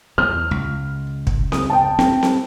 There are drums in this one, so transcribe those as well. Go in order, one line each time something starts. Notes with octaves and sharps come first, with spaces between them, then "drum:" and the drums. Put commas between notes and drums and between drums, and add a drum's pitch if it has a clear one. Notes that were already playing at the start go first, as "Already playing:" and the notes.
E2 F6
C#2
drum: kick
D#6, drum: snare C4
G5 A5
C4, drum: snare C4
drum: snare C4